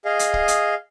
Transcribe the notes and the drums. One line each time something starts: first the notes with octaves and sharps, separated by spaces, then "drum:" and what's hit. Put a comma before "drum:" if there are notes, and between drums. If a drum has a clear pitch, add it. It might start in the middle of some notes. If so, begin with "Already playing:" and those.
G#4 D#5 F5
drum: hi-hat
drum: kick
drum: hi-hat